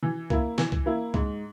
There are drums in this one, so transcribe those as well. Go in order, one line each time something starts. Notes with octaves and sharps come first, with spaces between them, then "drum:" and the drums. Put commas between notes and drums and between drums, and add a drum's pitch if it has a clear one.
E3
A#3 E4, drum: kick C2
E3, drum: snare
drum: kick C2
A#3 E4
G#2, drum: kick C2